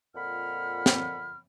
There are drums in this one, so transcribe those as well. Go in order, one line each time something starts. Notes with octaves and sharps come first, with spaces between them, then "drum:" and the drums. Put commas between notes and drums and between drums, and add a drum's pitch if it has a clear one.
F2 A#2 F#5 B5 F6
drum: snare